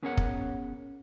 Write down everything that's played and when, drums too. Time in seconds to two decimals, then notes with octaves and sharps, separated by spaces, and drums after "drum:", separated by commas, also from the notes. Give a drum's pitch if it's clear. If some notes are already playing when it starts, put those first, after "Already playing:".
0.03 B3 C#4 G#4 A#4 C#5 F#5
0.17 drum: kick